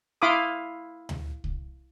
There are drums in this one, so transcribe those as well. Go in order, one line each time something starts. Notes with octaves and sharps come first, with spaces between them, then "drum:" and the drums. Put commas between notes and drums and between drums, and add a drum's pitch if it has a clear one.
E4 F5 B5 C6 D6 D#6
drum: tom D2
drum: kick C2